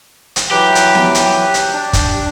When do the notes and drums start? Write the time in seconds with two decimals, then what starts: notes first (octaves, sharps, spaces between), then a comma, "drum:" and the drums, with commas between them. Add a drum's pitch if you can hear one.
0.36 drum: hi-hat
0.51 E3 F#3 G4 B4
0.75 drum: hi-hat
0.95 drum: snare B3
1.15 drum: hi-hat
1.54 drum: hi-hat
1.74 D4
1.93 drum: kick, hi-hat